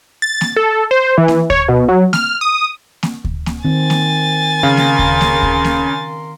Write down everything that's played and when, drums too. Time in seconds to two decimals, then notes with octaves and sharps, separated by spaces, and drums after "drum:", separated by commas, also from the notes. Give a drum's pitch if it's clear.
0.22 A6
0.41 drum: snare A#3
0.56 A4
0.91 C5
1.17 E3
1.28 drum: snare A#3
1.50 C#5, drum: kick D2
1.69 B2
1.89 F#3
2.13 F6, drum: snare A#3
2.41 D#6
3.03 drum: snare A#3
3.24 drum: kick D2
3.46 drum: snare A#3
3.65 D#3 C4 G#5 A6
3.90 drum: snare A#3
4.63 C#3 A#4 F5 C6
4.77 drum: snare A#3
4.99 drum: kick D2
5.21 drum: snare A#3
5.43 drum: kick D2
5.64 drum: snare A#3